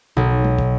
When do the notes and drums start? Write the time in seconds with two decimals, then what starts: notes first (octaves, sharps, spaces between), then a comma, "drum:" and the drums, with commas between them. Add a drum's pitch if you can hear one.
0.17 B1
0.44 drum: tom G#3
0.58 drum: kick